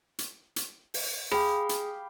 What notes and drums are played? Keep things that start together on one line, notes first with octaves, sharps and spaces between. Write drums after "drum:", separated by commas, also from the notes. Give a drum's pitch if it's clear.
drum: hi-hat
drum: hi-hat
drum: open hi-hat
G4 G#4 F5 B5, drum: rim click
drum: hi-hat